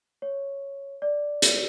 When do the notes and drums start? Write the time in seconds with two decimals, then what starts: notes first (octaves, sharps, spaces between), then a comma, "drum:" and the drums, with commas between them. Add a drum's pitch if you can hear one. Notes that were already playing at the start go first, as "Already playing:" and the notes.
0.22 C#5
1.02 D5
1.42 drum: hi-hat